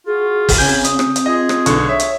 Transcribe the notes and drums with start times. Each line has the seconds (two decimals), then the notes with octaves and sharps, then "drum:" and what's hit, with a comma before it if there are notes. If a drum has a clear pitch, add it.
0.06 F4 F#4 G#4
0.49 drum: kick, open hi-hat
0.58 C#3 C4 G#5 G6
0.85 C4 D#6, drum: hi-hat
0.99 drum: rim click
1.16 drum: hi-hat
1.26 F4 G#4 D#5
1.49 drum: rim click
1.66 B1 D3 C#6, drum: hi-hat
1.89 C#5 E5
2.00 drum: hi-hat